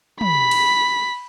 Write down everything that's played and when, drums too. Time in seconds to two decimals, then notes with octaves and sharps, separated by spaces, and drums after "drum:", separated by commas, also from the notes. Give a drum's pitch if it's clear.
0.21 B5 B6, drum: tom
0.51 drum: cymbal